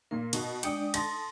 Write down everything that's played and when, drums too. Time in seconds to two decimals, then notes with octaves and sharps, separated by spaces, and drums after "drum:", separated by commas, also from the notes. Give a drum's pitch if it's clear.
0.11 A#2 A#3 A#4
0.33 B2, drum: cymbal
0.63 G#3 D4 D5 G5 D#6, drum: cymbal
0.94 A4 A5 C6 A#6, drum: cymbal